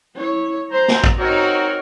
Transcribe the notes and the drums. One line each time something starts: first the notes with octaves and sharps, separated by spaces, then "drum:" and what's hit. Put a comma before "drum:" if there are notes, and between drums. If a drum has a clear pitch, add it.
E4 C#5
C5 A#5
drum: snare
drum: kick
C4 D#4 F#4 A#4 C#5